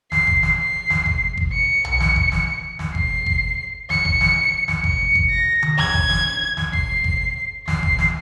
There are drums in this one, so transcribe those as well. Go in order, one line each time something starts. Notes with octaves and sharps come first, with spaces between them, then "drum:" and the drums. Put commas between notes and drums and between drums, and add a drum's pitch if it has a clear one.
C7, drum: snare
drum: kick G1
drum: snare
C7
drum: snare
drum: kick G1
drum: kick G1
C#7
drum: tom B1
drum: snare
drum: kick G1
drum: snare
drum: snare
C7, drum: kick G1
drum: kick G1
C#7, drum: snare
drum: kick G1
drum: snare
drum: snare
C#7, drum: kick G1
drum: kick G1
A#6
drum: tom D3
G#6, drum: snare
drum: kick G1
drum: snare
drum: snare
C7, drum: kick G1
drum: kick G1
C7, drum: snare
drum: kick G1
drum: snare